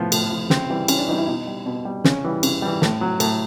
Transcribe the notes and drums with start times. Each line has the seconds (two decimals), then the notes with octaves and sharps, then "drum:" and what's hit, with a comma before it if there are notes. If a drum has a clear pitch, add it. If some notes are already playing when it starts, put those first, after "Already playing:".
Already playing: A2 F3 B3
0.12 A2, drum: cymbal
0.31 F3
0.50 C#3 C4, drum: snare
0.70 E3 G3
0.88 C#3 C#4, drum: cymbal
0.98 D4
1.08 E3 G3 D#4
1.18 E4
1.27 B2 D#4
1.47 G3
1.66 B2
1.85 G3
2.04 C#3 C#4, drum: snare
2.24 E3 G3
2.43 C#3, drum: cymbal
2.62 E3 G3
2.82 A2, drum: snare
3.01 F#3
3.20 A2, drum: cymbal